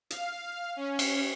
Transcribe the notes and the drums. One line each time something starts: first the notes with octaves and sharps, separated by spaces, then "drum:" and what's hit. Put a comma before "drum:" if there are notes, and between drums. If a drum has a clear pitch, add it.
F5, drum: hi-hat
C#4
drum: cymbal